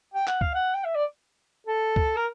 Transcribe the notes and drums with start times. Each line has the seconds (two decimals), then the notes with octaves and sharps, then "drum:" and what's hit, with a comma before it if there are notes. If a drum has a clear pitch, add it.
0.14 G5
0.27 F#5, drum: clap
0.41 F5, drum: kick C#2
0.55 F#5
0.75 G5
0.84 E5
0.95 D5
1.66 A4
1.96 drum: kick C#2
2.16 A#4